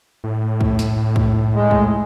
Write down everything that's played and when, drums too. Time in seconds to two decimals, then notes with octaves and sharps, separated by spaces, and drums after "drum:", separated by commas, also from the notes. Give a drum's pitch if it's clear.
0.24 A2
0.61 drum: kick
0.79 drum: snare
1.16 drum: kick
1.54 G#3
1.71 drum: kick